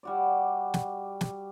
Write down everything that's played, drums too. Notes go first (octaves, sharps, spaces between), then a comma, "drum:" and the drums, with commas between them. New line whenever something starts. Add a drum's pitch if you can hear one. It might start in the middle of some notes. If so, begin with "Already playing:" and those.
G3 F#4 D5
drum: snare
drum: snare